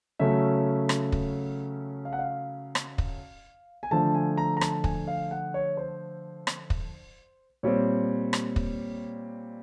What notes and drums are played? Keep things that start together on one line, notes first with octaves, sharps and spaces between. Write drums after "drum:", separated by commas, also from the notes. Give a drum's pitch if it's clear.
C#3 F#3 A3 C#4 E5
drum: rim click
drum: kick
F5
F#5
F5
drum: rim click
drum: kick
G#5
D3 F3 A3 A5
G#5
A#5
A#5
A5, drum: rim click
G#5, drum: kick
F5
F#5
C#5
C5
drum: rim click
drum: kick
A#2 G3 C4 C#5
drum: rim click
drum: kick